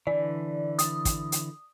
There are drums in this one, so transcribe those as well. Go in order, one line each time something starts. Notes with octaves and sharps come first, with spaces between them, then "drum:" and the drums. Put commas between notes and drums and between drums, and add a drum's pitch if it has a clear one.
D3 E3 D5
D#6, drum: hi-hat
drum: kick, hi-hat
drum: hi-hat